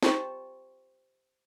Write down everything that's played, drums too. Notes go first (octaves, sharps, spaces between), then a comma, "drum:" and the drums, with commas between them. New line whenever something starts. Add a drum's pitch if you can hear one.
G4 C5 A5 C#6, drum: snare